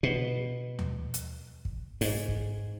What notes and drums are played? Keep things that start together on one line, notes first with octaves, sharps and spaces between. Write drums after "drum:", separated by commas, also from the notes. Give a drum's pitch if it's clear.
B2
drum: tom D#2
drum: hi-hat
drum: kick
G#2, drum: open hi-hat
drum: kick